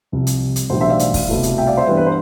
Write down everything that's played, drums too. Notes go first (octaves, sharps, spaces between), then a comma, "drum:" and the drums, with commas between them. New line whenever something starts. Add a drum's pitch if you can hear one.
C2 C3 F3
drum: hi-hat
drum: hi-hat
B1 A2 E3 G3 D4 C5
C5 E5
D5 F5
drum: hi-hat
drum: kick, open hi-hat
C2 B2 A3 E4
drum: hi-hat
E5 G5
D5 F5
C5 E5
G2 E3 G3 B3 B4
B4
C5